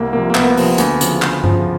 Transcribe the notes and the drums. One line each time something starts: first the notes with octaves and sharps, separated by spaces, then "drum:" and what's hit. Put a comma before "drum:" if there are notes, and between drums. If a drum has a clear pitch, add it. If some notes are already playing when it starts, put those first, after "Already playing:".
Already playing: C2 A#3
C3 F3 A#3
A#3
C2 B3, drum: clap
C3 F3, drum: open hi-hat
D2, drum: hi-hat
C#3 F3, drum: hi-hat
D2, drum: clap
C#3 F3, drum: tom G2